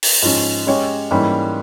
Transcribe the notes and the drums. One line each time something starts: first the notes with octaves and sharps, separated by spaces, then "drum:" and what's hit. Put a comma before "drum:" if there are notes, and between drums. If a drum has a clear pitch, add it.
drum: open hi-hat
G#2 F3 G#3 C#4
G#3 C#4 G4 C#5
G#2 E3 G3 A#3 C#4